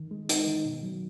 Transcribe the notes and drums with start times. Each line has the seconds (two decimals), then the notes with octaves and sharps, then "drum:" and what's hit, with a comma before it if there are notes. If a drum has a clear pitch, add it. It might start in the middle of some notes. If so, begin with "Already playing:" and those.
Already playing: D#3
0.11 G#3
0.29 D#4, drum: hi-hat
0.47 D#3
0.65 B2
0.83 F#3